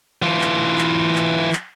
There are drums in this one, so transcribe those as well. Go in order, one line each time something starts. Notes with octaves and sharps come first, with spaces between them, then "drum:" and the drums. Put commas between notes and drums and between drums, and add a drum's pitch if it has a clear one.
E3 F4
drum: clap
drum: clap
drum: clap
drum: clap